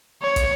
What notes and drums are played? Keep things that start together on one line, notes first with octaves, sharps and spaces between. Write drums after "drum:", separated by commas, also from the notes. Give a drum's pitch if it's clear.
C#5
drum: kick, hi-hat